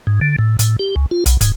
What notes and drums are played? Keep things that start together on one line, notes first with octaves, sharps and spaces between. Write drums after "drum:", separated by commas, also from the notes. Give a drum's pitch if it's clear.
G#2
D3
A2
A2, drum: hi-hat
G4
C#2
F4
B1, drum: hi-hat
G#2, drum: kick, hi-hat